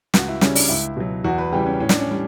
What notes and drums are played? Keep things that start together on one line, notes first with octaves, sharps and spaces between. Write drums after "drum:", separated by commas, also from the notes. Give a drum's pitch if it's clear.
C#2 F#4, drum: snare
E4
C#3 G3 C#4, drum: snare
D4, drum: open hi-hat
C#2 E4
B2 F#3
E2 F#4
B4
C#3 E3 G3 G4
C#4
A2 C#4
D4, drum: snare
C#4
E3 G3